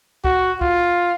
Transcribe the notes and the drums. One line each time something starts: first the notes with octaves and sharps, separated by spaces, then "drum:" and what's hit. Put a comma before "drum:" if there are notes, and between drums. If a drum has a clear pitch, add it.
F#4, drum: kick C2
F4, drum: kick C2